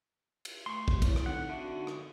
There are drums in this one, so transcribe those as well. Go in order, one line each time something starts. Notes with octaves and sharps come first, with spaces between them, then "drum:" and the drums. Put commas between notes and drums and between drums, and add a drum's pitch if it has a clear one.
drum: cymbal
A3 C6 C#6
drum: kick
D3 E4 C#5, drum: kick, cymbal
drum: rim click
C4 D#4 A4 F#5
D3 F#4 E5
D#4
drum: rim click